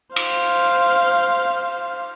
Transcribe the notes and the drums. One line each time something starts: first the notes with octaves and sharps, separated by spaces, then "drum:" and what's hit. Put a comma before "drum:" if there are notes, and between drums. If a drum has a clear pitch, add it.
C5 F5, drum: cymbal